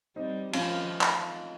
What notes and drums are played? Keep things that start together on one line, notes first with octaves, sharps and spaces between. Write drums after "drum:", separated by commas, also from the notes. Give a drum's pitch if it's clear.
G3 C4 D#4
F3 C#4 F4, drum: cymbal
drum: clap